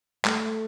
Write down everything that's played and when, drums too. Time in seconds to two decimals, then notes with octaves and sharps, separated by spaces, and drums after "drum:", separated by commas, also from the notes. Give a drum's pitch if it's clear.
0.25 A3, drum: clap